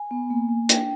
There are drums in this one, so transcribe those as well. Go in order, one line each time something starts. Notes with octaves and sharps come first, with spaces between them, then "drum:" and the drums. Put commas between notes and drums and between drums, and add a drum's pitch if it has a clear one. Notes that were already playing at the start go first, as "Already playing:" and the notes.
Already playing: G#5
B3
A#3
A#3
D4 G5, drum: hi-hat